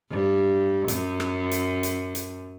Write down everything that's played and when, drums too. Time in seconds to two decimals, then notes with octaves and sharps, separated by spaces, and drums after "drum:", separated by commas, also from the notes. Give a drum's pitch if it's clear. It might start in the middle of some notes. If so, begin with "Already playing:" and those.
0.11 G2
0.88 F#2, drum: hi-hat
1.20 drum: rim click
1.51 drum: hi-hat
1.83 drum: hi-hat
2.15 drum: hi-hat